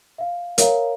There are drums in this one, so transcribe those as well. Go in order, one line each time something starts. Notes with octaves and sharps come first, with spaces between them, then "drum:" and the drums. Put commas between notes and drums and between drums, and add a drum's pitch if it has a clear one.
E5 F5
A#4 C#5 E5 F5 A#5, drum: hi-hat